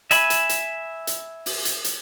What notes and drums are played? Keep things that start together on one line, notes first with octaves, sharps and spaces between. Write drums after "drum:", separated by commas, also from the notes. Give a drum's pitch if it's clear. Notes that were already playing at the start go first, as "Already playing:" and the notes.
E5 G#5 B5, drum: hi-hat
drum: hi-hat
drum: hi-hat
drum: hi-hat
drum: open hi-hat
drum: hi-hat
drum: hi-hat